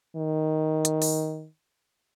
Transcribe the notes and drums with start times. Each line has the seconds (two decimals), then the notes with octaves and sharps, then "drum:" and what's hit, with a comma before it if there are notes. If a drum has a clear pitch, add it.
0.16 D#3
0.85 drum: hi-hat
1.02 drum: open hi-hat